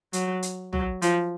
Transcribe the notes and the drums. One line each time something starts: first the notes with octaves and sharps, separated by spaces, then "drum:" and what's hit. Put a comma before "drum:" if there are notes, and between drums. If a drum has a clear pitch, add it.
F#3, drum: hi-hat
drum: hi-hat
F#3, drum: tom B1
F3, drum: hi-hat